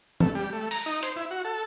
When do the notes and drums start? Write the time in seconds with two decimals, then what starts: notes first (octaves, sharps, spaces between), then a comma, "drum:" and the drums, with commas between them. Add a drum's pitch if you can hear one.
0.20 A3, drum: tom
0.35 G3
0.53 A3
0.71 A#5, drum: open hi-hat
0.86 D#4
1.03 C5, drum: hi-hat
1.16 E4
1.31 F#4
1.45 A4